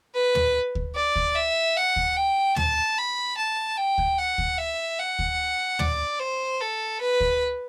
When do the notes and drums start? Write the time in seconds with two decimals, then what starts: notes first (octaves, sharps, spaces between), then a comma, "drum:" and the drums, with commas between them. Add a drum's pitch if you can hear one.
0.14 B4
0.35 drum: tom
0.75 drum: kick D2
0.95 D5
1.16 drum: kick D2
1.35 E5
1.76 F#5
1.96 drum: kick D2
2.16 G5
2.56 A5, drum: tom
2.97 B5
3.37 A5
3.77 G5
3.98 drum: kick D2
4.18 F#5
4.38 drum: kick D2
4.58 E5
4.99 F#5
5.19 drum: kick D2
5.79 D5, drum: tom
6.19 C5
6.60 A4
7.01 B4
7.20 drum: kick D2